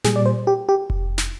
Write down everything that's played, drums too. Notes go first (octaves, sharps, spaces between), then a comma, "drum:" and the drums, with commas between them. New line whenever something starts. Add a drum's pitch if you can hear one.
A#2 G3 G#4, drum: snare
D5
C5
G4
G4
drum: kick F1
drum: snare